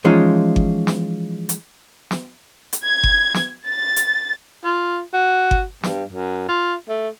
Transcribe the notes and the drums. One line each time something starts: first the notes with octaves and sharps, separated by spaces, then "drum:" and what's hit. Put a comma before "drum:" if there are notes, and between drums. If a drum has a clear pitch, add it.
E3 F3 G#3 C#4 D#4 F4
drum: kick G1
drum: snare
drum: hi-hat
drum: snare
drum: hi-hat
G#6
drum: kick G1
drum: snare
A6
drum: hi-hat
F4
F#4
drum: kick G1
G2, drum: snare
F#2
F4
A3